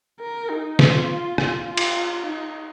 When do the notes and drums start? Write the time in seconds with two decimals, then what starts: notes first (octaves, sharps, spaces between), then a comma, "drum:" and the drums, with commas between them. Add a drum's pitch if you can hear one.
0.20 A#4
0.50 D#4
0.79 F4, drum: snare
1.38 F4, drum: rim click
1.68 F4
1.77 drum: cymbal
2.26 D#4